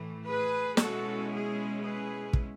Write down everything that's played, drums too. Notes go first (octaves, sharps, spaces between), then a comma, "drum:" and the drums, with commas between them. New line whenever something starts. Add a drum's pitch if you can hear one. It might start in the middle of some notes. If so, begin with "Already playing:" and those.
Already playing: A2 E3 A3
G#4 B4
B2 G#3 C#4 E4 F#4 A4, drum: snare
G#4
G#4 B4
drum: kick